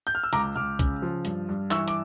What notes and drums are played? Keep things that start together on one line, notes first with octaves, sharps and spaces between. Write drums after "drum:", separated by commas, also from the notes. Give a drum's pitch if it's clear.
G6
F6
E6
C#2 A#5 D6, drum: hi-hat
C#2 D6 F6
C#3, drum: kick, hi-hat
F3
G2, drum: hi-hat
G2
E3 C#6 E6, drum: clap
D6, drum: hi-hat